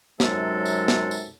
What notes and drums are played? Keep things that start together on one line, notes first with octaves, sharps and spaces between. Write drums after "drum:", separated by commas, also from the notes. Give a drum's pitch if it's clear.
F#2 C3 F#3 G#3 D#4 A4, drum: snare
drum: tambourine
drum: snare
drum: tambourine